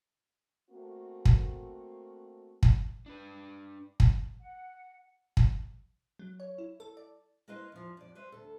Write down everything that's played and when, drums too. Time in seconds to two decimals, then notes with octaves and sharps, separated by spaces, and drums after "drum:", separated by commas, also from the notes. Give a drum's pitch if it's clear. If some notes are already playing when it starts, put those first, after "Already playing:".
0.70 A3 A#3 C4 F#4
1.25 drum: kick
2.63 drum: kick
3.06 D4 B4
4.00 drum: kick
4.40 F#5
5.37 drum: kick
6.19 F#3
6.40 C#5
6.58 E4
6.80 A4
6.97 D5
7.48 A#3 E4 B4 C5 D#5 F5
7.72 E2 F3
7.97 F2 D5
8.15 B4 C5 E5
8.32 D2 A4